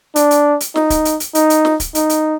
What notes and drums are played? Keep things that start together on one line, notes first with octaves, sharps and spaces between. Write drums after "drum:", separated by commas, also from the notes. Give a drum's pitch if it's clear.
D4, drum: hi-hat
drum: hi-hat
drum: hi-hat
D#4, drum: snare
drum: kick, hi-hat
drum: hi-hat
drum: hi-hat
D#4, drum: hi-hat
drum: hi-hat
drum: snare
drum: kick, hi-hat
D#4, drum: hi-hat
drum: hi-hat